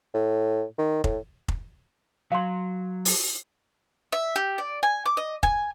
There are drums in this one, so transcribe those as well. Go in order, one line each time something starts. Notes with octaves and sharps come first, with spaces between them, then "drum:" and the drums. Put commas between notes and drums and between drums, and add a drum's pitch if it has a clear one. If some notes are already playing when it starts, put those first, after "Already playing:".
A2
D#3
A2, drum: kick F1
drum: kick F1
F#3 F5 C6
drum: open hi-hat
E5
G4
D5
G#5
D6
D#5
G#5, drum: kick F1